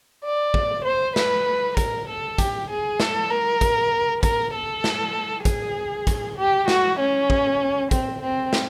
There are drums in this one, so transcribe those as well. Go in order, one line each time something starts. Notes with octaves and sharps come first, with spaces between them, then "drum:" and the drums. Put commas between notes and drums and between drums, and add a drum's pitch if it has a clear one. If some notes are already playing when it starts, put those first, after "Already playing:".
D5
drum: kick
C5
B4, drum: snare
A#4, drum: kick, hi-hat
A4
G4, drum: kick, hi-hat
G#4
A4, drum: snare
A#4
drum: kick, hi-hat
A#4, drum: kick, hi-hat
A4
drum: snare
G#4, drum: kick, hi-hat
drum: kick, hi-hat
G4
F#4, drum: snare
C#4
drum: kick
C4, drum: kick, hi-hat
C4
drum: snare